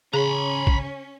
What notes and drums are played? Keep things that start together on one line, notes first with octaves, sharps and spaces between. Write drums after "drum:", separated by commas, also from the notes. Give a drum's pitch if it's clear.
C#3 C#4 G#4 A#5 B5
drum: kick